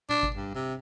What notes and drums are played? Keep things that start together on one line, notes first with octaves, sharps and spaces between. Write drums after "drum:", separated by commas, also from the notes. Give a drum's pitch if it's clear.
D4, drum: tom A#2
drum: kick G#1
G2
C3